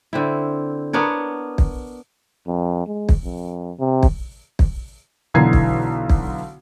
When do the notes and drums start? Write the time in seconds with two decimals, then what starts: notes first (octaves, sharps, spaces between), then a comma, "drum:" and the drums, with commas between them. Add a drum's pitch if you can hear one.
0.13 D3 C4 E4
0.93 B3 D4 A#4 C#5
1.58 drum: kick
2.47 F2
2.87 G#3
3.09 drum: kick
3.24 F2
3.79 C3
4.03 drum: kick
4.59 drum: kick
5.34 B1 D3 E3 A#5 G#6 C7
5.53 drum: kick
6.10 drum: kick